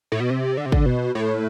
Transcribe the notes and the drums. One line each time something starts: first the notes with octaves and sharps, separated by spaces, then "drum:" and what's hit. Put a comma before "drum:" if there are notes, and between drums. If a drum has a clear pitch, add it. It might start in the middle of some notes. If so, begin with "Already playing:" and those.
A2
B2
C3
D3
C3
D3, drum: kick
B2
A2